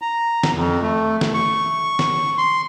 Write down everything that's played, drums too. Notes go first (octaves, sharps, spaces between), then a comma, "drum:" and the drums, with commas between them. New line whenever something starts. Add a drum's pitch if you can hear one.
A#5
drum: snare
F2
A3
drum: snare
C#6
drum: snare
C6